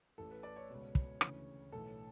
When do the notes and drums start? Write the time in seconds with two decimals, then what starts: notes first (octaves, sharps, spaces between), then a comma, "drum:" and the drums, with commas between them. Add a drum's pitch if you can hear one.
0.18 A1 A2 E3 A4
0.31 B4
0.43 D5
0.56 C#5
0.70 C#2 B2
0.95 drum: kick
1.21 D2 C#3 E3, drum: rim click
1.72 B1 A2 E3 A4